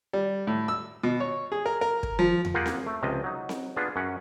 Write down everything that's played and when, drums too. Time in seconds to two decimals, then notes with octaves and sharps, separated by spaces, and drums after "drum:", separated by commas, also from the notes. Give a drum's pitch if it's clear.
0.13 G3
0.47 A2
0.68 E6
1.04 B2
1.20 C#5
1.52 G#4
1.66 A#4
1.81 A#4
2.03 drum: kick
2.19 F3
2.45 drum: tom E2
2.54 A#3 F4 G4 G#4 F#5 G5
2.66 drum: snare C4
2.86 A3
3.02 C#2 C3 F3 D#5
3.24 F#3 D#4
3.49 drum: snare C4
3.76 B3 D4 F4 G#4
3.96 F#2 C#4 F#5